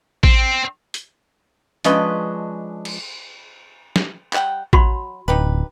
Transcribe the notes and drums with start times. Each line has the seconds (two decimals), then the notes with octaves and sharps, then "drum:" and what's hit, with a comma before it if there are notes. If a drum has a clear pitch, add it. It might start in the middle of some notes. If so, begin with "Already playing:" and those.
0.23 C4, drum: kick A1
0.94 drum: hi-hat
1.84 F3 G#3 C#4 D4 B4 D#5, drum: hi-hat
2.85 drum: cymbal
3.96 drum: snare
4.33 G3 F#5 G5, drum: clap
4.73 F#3 F#4 B5 C6, drum: kick A1
5.28 D1 D#4 G4 B4